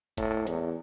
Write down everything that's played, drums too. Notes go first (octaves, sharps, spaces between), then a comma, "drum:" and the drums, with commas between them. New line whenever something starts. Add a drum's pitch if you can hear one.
A2, drum: kick F#1, hi-hat
E2, drum: hi-hat